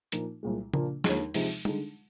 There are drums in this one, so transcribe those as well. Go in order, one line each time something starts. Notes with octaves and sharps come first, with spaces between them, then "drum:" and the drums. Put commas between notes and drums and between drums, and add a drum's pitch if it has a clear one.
A#2 F3 A#3 D#4, drum: hi-hat
C2 A#2 G#3
A#2 F3 A#3 D4 F4, drum: tom C#3
D#2 D3 F3 G#3, drum: snare
C3 F3 G#3 D#4, drum: open hi-hat
D3 G#3 D#4, drum: tom G3